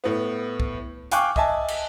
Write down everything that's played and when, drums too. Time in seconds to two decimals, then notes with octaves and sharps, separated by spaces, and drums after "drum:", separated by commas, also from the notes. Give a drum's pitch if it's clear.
0.04 A2 B3
0.60 drum: kick C2
1.11 F5 G5 G#5 C#6 D6 F#6, drum: hi-hat
1.36 D#5 E5 G#5 A5, drum: kick C2
1.68 drum: cymbal